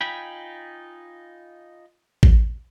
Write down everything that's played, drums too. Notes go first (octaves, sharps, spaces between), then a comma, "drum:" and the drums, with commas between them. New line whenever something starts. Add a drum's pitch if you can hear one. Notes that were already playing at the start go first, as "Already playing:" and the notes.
D#4 F4 G5 G#5 B5
drum: kick A1